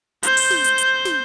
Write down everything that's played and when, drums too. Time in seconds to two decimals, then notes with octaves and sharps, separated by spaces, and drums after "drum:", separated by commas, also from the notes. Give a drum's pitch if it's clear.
0.23 C5 G6, drum: hi-hat
0.37 drum: open hi-hat
0.51 drum: snare
0.64 drum: hi-hat
0.78 drum: hi-hat
1.05 drum: snare